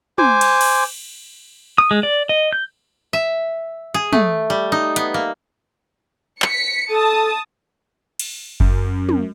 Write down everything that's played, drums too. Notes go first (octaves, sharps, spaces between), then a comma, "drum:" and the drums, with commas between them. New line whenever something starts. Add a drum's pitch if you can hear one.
C5 G#5 D6, drum: tom
drum: cymbal
drum: cymbal
D#6
G#3
D5
D#5
G6
E5
G#4
A3, drum: tom
G3
D#4
B3, drum: hi-hat
A#3
B6 C#7, drum: clap
A4 A5 D#6
drum: cymbal
F#2, drum: kick F#1
drum: tom